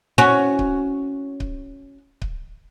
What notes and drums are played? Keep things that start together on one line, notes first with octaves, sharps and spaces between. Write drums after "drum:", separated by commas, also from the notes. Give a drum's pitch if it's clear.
C#4 F#4
drum: kick C#1
drum: kick C#1
drum: kick C#1